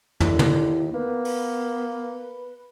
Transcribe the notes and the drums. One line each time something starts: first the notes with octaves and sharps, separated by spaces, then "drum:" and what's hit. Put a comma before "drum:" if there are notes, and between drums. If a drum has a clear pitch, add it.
D#2 D3 E4, drum: tom
drum: tom
A#3 B3 B4
drum: open hi-hat